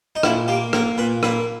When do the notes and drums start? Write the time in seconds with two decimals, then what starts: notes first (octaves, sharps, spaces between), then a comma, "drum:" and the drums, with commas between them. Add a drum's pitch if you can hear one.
0.16 D#4
0.23 A#2 E4, drum: rim click
0.48 A#3 G4
0.73 A#3 A#4, drum: rim click
0.98 A#2 B4
1.23 A#3 B4, drum: rim click